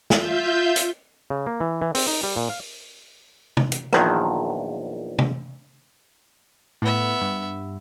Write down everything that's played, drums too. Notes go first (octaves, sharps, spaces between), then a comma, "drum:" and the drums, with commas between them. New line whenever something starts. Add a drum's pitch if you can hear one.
F4 E5 G6, drum: snare
drum: hi-hat
C#3
A#3
E3
E3
C4, drum: open hi-hat
D#4
G3
A#2
F5
drum: tom C3
drum: hi-hat
A#1 E2 D#3 F3 F#3, drum: rim click
drum: tom C3
A2 B3 E5
G2